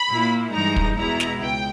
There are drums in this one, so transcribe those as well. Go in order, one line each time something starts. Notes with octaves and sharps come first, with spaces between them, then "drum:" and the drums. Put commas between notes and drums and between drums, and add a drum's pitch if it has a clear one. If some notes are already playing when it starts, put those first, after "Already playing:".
Already playing: B5
A#2 A#3 E4
G2 E3 G#3 D#4 A#5
drum: kick
E2 B2 G#3 B3 E4 A#5
drum: snare
C#2 G5